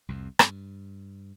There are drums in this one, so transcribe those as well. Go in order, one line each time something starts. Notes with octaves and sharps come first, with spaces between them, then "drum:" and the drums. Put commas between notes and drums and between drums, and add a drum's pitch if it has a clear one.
C2 F2 C3
G2, drum: rim click